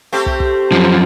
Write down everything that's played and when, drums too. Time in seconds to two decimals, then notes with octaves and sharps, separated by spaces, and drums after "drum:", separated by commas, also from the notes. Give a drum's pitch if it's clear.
0.12 A3 C4 G4
0.26 drum: kick
0.40 drum: kick
0.72 F#2 F3